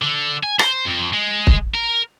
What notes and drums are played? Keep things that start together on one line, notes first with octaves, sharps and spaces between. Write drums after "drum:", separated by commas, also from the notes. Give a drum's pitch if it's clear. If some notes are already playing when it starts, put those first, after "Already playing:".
D3
G#5
C5, drum: rim click
F2
G#3
drum: kick
A#4